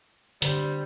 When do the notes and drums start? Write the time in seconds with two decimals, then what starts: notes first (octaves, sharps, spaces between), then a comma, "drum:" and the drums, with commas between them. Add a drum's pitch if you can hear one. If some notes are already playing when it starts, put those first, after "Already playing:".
0.42 D3 G3 C5, drum: hi-hat